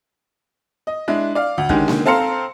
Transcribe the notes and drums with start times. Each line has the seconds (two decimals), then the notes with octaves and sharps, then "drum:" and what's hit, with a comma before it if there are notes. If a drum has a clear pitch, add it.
0.87 D#5
1.08 G#3 D4 E4
1.35 D5 F5
1.58 D2
1.69 D3 D#3 G#3 C#4 G4, drum: kick
1.88 drum: snare A#3
2.05 C4 A4 F5 A#5 C6 C#7